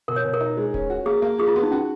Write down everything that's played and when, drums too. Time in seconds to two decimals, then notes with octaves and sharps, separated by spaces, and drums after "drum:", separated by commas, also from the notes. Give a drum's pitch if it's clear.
0.08 B2 A#4
0.16 C#5
0.25 B2
0.33 A#4
0.40 D#4
0.57 G#3
0.74 C#4, drum: kick D1
0.90 F#4
1.06 A#3 G#4
1.22 A#3
1.38 F3 G#4
1.48 F4
1.56 B3 F#4
1.63 D#4
1.71 C#4 F#4